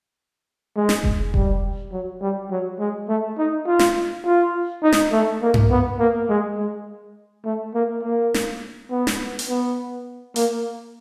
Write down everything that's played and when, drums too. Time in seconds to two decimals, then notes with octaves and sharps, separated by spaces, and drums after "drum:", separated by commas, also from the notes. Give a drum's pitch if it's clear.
0.76 G#3
0.89 drum: snare
1.04 drum: kick F1
1.34 G3, drum: kick F1
1.92 F#3
2.21 G3
2.51 F#3
2.79 G#3
3.09 A3
3.38 D#4
3.67 F4
3.79 drum: snare
4.25 F4
4.83 D#4
4.93 drum: snare
5.12 A3
5.42 A#3
5.54 drum: tom G2
5.71 B3
5.99 A#3
6.29 G#3
6.58 G#3
7.45 A3
7.74 A#3
8.03 A#3
8.34 drum: snare
8.90 B3
9.07 drum: snare
9.39 drum: hi-hat
9.49 B3
10.36 A#3, drum: hi-hat